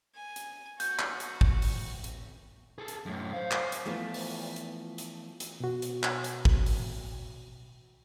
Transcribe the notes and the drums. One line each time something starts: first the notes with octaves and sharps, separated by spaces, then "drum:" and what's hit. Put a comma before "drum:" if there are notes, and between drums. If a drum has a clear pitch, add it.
G#5
drum: hi-hat
F#4 G6, drum: hi-hat
drum: clap
drum: hi-hat
drum: kick
drum: open hi-hat
drum: hi-hat
G#4 A4
drum: hi-hat
F#2 A2
C5 C#5 F5
drum: clap
drum: hi-hat
E3 F3 A3 B3 F4
drum: open hi-hat
drum: hi-hat
drum: hi-hat
drum: hi-hat
B2 F#4
drum: hi-hat
drum: clap
drum: hi-hat
drum: kick
drum: open hi-hat